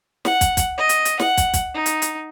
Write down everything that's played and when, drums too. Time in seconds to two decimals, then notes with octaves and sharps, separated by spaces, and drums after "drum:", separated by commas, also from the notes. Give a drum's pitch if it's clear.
0.25 F#5, drum: snare
0.41 drum: kick, hi-hat
0.57 drum: kick, hi-hat
0.77 D#5
0.89 drum: hi-hat
1.05 drum: hi-hat
1.19 F#5, drum: snare
1.37 drum: kick, hi-hat
1.54 drum: kick, hi-hat
1.74 D#4
1.86 drum: hi-hat
2.02 drum: hi-hat